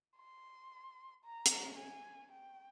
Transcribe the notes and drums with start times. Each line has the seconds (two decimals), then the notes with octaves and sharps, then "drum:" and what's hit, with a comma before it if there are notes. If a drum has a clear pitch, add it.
0.17 C6
1.25 A#5
1.46 drum: hi-hat
1.78 G#5
2.32 G5